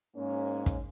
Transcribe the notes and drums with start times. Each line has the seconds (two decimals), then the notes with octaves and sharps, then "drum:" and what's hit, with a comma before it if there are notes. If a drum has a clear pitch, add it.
0.15 G#2 A#3 C#4
0.66 drum: kick, hi-hat